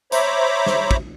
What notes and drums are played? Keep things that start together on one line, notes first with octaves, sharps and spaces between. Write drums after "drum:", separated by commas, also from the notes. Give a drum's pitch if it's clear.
C5 C#5 E5 A#5 B5 D6, drum: hi-hat
drum: snare
drum: kick